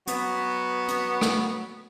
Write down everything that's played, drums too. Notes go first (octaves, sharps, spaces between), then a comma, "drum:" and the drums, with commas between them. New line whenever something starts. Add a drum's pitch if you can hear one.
F#3 B3, drum: hi-hat
drum: hi-hat
drum: rim click